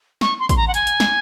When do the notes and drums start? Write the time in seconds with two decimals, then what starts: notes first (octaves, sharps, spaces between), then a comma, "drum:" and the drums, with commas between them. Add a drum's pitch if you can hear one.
0.21 C#6, drum: snare
0.39 C6
0.49 C6, drum: kick A1, hi-hat
0.56 A#5
0.67 F#5
0.74 G#5, drum: hi-hat
0.87 drum: hi-hat
1.00 drum: snare